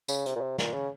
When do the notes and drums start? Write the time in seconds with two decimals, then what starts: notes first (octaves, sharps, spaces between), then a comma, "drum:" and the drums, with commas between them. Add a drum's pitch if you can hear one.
0.08 C#3, drum: tambourine
0.26 C3, drum: hi-hat
0.36 A#2
0.41 C3
0.58 A#2, drum: snare
0.74 C#3